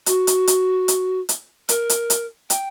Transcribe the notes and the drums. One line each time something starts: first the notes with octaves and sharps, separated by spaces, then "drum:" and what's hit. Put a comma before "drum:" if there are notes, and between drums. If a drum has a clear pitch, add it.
F#4, drum: hi-hat
drum: hi-hat
drum: hi-hat
drum: hi-hat
drum: hi-hat
A#4, drum: hi-hat
drum: hi-hat
drum: hi-hat
G5, drum: hi-hat